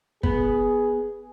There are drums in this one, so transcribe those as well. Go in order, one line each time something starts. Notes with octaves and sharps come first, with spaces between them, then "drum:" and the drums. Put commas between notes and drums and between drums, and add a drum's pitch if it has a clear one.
B3 G#4, drum: kick